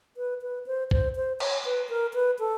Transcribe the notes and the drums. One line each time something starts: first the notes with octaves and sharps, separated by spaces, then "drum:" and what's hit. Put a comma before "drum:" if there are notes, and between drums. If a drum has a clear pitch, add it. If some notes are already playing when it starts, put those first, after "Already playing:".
B4
B4
C5
C5, drum: kick
C5
C#5, drum: cymbal
B4
A#4
B4
A4